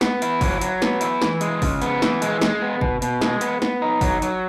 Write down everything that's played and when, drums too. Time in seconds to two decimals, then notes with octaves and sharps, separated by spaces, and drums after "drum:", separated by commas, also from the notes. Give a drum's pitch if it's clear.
0.01 B3, drum: snare
0.22 E4, drum: hi-hat
0.41 F#3, drum: kick, open hi-hat
0.61 F#3, drum: hi-hat
0.82 B3, drum: snare
1.01 E4, drum: hi-hat
1.22 E3, drum: snare
1.41 G#3, drum: hi-hat
1.62 C#3, drum: kick, open hi-hat
1.82 B3, drum: hi-hat
2.02 E3, drum: snare
2.22 G#3, drum: hi-hat
2.41 G#3, drum: snare
2.62 B3
2.81 B2, drum: kick
3.02 B2, drum: hi-hat
3.21 G#3, drum: snare
3.41 B3, drum: hi-hat
3.62 B3, drum: snare
3.82 D#4
4.01 F#3, drum: kick, open hi-hat
4.22 F#3, drum: hi-hat